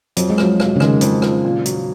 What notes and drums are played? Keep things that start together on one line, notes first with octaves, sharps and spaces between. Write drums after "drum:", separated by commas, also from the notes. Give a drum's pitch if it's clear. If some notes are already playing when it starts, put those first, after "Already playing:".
F2 F#3, drum: hi-hat
G#3
F3 F#3, drum: rim click
F1, drum: rim click
C#3
D#3 G#3, drum: rim click
F2, drum: hi-hat
F3, drum: rim click
A#2
F#3, drum: hi-hat